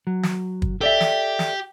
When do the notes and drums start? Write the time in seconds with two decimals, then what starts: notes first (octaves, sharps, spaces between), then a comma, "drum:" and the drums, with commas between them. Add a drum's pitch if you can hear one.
0.07 F#3
0.23 drum: snare
0.62 drum: kick
0.81 G4 A4 D5 E5
1.00 drum: snare
1.39 drum: snare